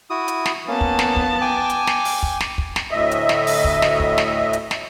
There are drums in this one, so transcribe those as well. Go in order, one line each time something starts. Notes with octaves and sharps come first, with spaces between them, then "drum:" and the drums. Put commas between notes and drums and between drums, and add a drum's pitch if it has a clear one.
E4 F#4 D#6
drum: hi-hat
drum: snare
A#3 B3 C#4 A5
drum: kick
drum: snare
drum: kick
G5 G#5 D6
drum: hi-hat
drum: snare
drum: open hi-hat
drum: kick
drum: snare
drum: kick
drum: snare
D2 A2 D#5 E5
drum: hi-hat
drum: snare
drum: open hi-hat
drum: kick
drum: snare
drum: kick
drum: snare
drum: hi-hat
drum: snare